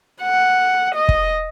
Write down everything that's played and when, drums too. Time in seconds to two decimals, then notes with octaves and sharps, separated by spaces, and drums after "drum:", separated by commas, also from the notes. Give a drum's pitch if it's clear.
0.22 F#5
0.95 D#5
1.09 drum: kick